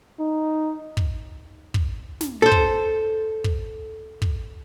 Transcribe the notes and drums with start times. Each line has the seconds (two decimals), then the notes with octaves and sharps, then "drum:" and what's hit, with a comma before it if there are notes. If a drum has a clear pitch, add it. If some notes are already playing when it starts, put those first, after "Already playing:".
0.20 D#4
0.97 drum: kick
1.74 drum: kick
2.21 drum: snare
2.42 A4 C5
2.52 drum: kick
3.44 drum: kick
4.22 drum: kick